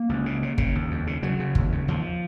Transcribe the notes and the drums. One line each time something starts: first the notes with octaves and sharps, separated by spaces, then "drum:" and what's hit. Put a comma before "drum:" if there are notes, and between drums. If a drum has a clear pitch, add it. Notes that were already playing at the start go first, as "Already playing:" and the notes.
Already playing: A#3
C#2
C#3
C#3
C#3, drum: kick G1
D#2
F2
C#3
C#3 F#3
C#3
D#2, drum: kick G1
C#3
D#2 F3